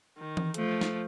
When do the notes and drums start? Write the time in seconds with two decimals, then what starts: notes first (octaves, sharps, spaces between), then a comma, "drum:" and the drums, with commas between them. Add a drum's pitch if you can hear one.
0.18 D#3
0.37 drum: tom E3
0.54 F3 A3, drum: hi-hat
0.81 drum: snare